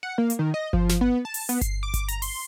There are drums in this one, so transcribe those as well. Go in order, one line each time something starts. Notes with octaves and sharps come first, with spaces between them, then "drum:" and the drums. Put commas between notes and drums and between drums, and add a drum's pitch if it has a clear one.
F#5
A#3
drum: hi-hat
D#3
D#5
F3, drum: kick G1
drum: snare
B3
A5
drum: open hi-hat
B3, drum: hi-hat
C7, drum: kick G1, hi-hat
D6
drum: kick G1, hi-hat
A#5, drum: hi-hat
C6, drum: open hi-hat